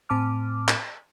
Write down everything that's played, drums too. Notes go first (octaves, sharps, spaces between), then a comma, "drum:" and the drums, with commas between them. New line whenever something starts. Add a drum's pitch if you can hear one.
A2 C4 A5 D6 F6
drum: clap